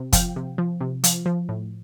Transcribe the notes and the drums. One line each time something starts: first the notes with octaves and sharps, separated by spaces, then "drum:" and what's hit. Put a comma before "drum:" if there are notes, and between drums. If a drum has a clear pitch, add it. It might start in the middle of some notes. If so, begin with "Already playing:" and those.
Already playing: C3
F3 F5 G5, drum: kick, hi-hat
C3
F3
C3
F3, drum: hi-hat
F3
A2